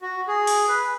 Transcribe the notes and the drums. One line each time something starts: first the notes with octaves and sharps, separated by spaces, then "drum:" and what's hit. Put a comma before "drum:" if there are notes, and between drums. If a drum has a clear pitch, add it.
F#4
G#4
drum: open hi-hat
B4